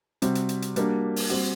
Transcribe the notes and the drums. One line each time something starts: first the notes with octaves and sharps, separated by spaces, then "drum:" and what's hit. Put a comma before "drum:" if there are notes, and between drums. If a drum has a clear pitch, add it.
C3 G3 C4 F#4, drum: hi-hat
drum: hi-hat
drum: hi-hat
drum: hi-hat
G3 A#3 D4 F#4, drum: hi-hat
drum: open hi-hat
G3 C4 F#4, drum: hi-hat